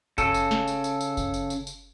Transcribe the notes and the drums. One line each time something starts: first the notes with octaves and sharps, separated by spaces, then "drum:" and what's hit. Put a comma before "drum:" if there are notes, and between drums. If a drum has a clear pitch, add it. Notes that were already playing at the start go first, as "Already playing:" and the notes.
C#3 A4, drum: kick F#1, tambourine
drum: tambourine
drum: snare
drum: tambourine
drum: tambourine
drum: tambourine
drum: kick F#1, tambourine
drum: tambourine
drum: tambourine
drum: tambourine